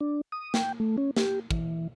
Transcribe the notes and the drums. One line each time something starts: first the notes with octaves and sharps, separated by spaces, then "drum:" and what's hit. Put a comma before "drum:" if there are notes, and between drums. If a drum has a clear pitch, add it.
D4
D#6
G5, drum: snare
A3
C#4
G4, drum: snare
E3, drum: kick